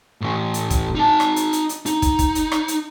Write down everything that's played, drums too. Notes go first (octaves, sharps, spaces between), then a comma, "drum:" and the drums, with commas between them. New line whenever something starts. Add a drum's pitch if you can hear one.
A2 E3
drum: hi-hat
drum: kick, hi-hat
D#4 A5
drum: rim click
drum: hi-hat
drum: hi-hat
drum: hi-hat
D#4, drum: hi-hat
drum: kick, hi-hat
drum: kick, hi-hat
drum: hi-hat
drum: rim click
drum: hi-hat